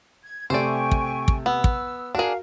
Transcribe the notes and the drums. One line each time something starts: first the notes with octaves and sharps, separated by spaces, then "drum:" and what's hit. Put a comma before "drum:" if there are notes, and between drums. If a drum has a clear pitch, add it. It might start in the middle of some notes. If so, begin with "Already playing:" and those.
G#6
C3 A3 C5 D5 G5 G#5 C#6
drum: kick
drum: kick
B3 E6
drum: kick
D4 F#4 G#4 A#4 F5